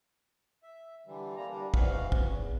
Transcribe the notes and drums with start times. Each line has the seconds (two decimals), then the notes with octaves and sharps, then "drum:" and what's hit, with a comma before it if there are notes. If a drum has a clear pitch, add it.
0.63 E5
1.07 D3 E3 G3
1.36 G3 A#3 A#5
1.49 G3 D4
1.74 G#2 E3 F#4 F5, drum: kick
2.12 drum: kick
2.25 E2